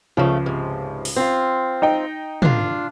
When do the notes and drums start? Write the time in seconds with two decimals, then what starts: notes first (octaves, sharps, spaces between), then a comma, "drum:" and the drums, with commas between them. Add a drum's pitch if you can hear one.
0.17 C#2 C#3 F3 A3
0.46 G#2 C3
1.05 drum: open hi-hat
1.16 C4 F4
1.82 D#4 D#5 G5
2.42 D4 F4, drum: tom